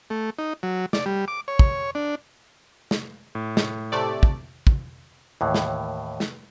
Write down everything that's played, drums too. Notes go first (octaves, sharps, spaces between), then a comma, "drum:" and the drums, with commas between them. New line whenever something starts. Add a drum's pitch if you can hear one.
A3
D#4
F#3
D5, drum: snare
G3
D6
C#5
drum: kick
D4
drum: snare
A2
drum: snare
C3 A3 D5
drum: kick
drum: kick
D#2 A2 E3
drum: snare
drum: snare